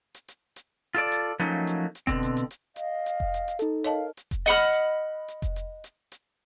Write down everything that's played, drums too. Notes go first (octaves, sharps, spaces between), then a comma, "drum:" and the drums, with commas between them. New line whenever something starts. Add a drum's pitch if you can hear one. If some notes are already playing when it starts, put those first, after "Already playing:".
drum: hi-hat
drum: hi-hat
drum: hi-hat
F4 A4 D5
drum: hi-hat
F3 F#3 A3 A#3 C#4 D#4, drum: hi-hat
drum: hi-hat
drum: hi-hat
B2 D3 C4, drum: kick F1, hi-hat
drum: hi-hat
drum: hi-hat
drum: hi-hat
D#5 F5, drum: hi-hat
drum: hi-hat
drum: kick F1
drum: hi-hat
drum: hi-hat
D#4 A4, drum: hi-hat
A#4 C#5 D#5 F5 A5
drum: hi-hat
drum: kick F1, hi-hat
D#5 F#5 B5 F6, drum: hi-hat
drum: hi-hat
drum: hi-hat
drum: hi-hat
drum: kick F1, hi-hat
drum: hi-hat
drum: hi-hat
drum: hi-hat